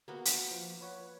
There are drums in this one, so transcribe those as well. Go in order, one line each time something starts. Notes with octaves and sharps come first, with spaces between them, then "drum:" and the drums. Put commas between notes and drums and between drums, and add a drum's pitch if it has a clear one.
A#3 B3 F#4
drum: hi-hat
F3
B4 C#5 F#5